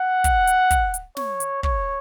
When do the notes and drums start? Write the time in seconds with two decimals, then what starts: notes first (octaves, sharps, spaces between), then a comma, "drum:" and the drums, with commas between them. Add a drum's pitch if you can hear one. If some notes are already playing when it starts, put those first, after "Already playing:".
Already playing: F#5
0.24 drum: kick, hi-hat
0.47 drum: hi-hat
0.71 drum: kick, hi-hat
0.94 drum: hi-hat
1.17 C#5, drum: snare
1.40 drum: hi-hat
1.63 C#5, drum: kick